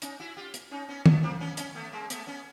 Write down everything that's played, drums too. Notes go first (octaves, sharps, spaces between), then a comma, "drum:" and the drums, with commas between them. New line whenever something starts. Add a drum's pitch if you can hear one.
C#4 D#4, drum: hi-hat
E4 F#4
F4 G4
drum: hi-hat
C#4 D#4
B3 C#4
A3 B3, drum: tom D#3
A#3 C4
B3 C#4
B3 C#4, drum: hi-hat
A3 B3
G#3 A#3
A3 B3, drum: hi-hat
B3 C#4